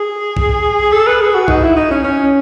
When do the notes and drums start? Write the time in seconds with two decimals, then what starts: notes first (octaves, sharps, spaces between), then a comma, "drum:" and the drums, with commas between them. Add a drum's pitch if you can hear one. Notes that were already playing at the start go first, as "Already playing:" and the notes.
Already playing: G#4
0.37 drum: kick
0.92 A4
1.07 B4
1.21 G#4
1.35 F#4
1.48 D#4, drum: kick
1.63 E4
1.76 D#4
1.91 C#4
2.04 C#4